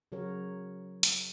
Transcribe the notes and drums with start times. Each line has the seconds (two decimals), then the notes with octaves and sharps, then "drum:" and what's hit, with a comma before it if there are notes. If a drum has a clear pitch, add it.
0.12 C#3 F#3 F#4 A#4 C#5
1.03 drum: hi-hat